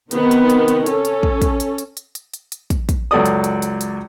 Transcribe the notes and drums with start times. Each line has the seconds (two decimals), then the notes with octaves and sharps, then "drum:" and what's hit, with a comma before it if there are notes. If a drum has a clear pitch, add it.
0.11 C3 D#3 B3, drum: hi-hat
0.31 drum: hi-hat
0.50 drum: hi-hat
0.68 drum: hi-hat
0.86 C#4 A4, drum: hi-hat
1.05 drum: hi-hat
1.23 drum: kick
1.42 drum: kick, hi-hat
1.60 drum: hi-hat
1.78 drum: hi-hat
1.97 drum: hi-hat
2.15 drum: hi-hat
2.34 drum: hi-hat
2.52 drum: hi-hat
2.70 drum: kick, hi-hat
2.89 drum: kick, hi-hat
3.11 C#2 F#2 A4 D5 D#6
3.25 drum: hi-hat
3.44 drum: hi-hat
3.62 drum: hi-hat
3.81 drum: hi-hat